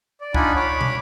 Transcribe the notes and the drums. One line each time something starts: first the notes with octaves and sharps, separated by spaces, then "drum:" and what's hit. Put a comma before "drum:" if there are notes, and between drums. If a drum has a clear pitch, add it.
D5
D4 D#4 F4 F#5 G#5 B5, drum: kick C#2
C#5 B5 D6
drum: tom